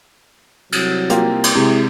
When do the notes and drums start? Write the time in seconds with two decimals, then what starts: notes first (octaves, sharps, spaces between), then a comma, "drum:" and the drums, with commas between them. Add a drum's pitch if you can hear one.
0.72 C2 F#3, drum: cymbal
1.10 A#3 F4 G4, drum: hi-hat
1.43 drum: cymbal
1.55 C3 G#3 E4